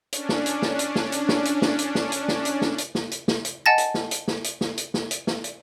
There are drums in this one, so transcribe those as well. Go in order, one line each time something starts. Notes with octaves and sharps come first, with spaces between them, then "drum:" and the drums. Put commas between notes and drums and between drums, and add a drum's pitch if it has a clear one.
C#4 D4, drum: hi-hat
drum: snare
drum: hi-hat
drum: snare
drum: hi-hat
drum: snare
drum: hi-hat
drum: snare
drum: hi-hat
drum: snare
drum: hi-hat
drum: snare
drum: hi-hat
drum: snare
drum: hi-hat
drum: snare
drum: hi-hat
drum: snare
drum: hi-hat
drum: snare
drum: hi-hat
D#5 F#5 G#5 A5 A6 A#6
drum: hi-hat
drum: snare
drum: hi-hat
drum: snare
drum: hi-hat
drum: snare
drum: hi-hat
drum: snare
drum: hi-hat
drum: snare
drum: hi-hat